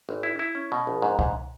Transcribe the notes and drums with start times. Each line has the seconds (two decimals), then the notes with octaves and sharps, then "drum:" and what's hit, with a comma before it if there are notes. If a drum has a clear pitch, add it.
0.09 G#1
0.23 E4
0.39 E4
0.55 C#4
0.72 B2
0.87 A#1
1.02 G#2
1.19 G#2, drum: kick C2